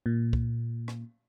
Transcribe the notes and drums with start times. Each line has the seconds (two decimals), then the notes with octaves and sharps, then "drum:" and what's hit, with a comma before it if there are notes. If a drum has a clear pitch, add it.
0.06 A#2
0.33 drum: kick
0.88 drum: rim click